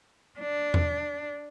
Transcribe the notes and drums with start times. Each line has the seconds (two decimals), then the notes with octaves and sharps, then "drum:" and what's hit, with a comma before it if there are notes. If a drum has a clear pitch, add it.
0.39 D4
0.74 drum: tom E2